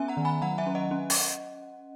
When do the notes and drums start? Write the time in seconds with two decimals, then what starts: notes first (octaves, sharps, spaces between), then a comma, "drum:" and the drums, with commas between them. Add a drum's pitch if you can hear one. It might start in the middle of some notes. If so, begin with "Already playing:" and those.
Already playing: B3 C#4 E5 G#5
0.08 F#5 A#5
0.17 D#3
0.25 G#5 B5
0.42 F#3 F#5 A#5
0.58 E5 G#5
0.67 C#4
0.75 D#5 F#5
0.91 C#4
1.10 drum: open hi-hat